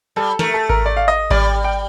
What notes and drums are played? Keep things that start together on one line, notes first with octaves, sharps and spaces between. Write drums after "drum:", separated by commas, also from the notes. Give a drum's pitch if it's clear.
G3 A4
A3 A#4, drum: snare
A4
A#4, drum: kick G#1
D5
F5
D#5
G3 D5, drum: kick G#1
G5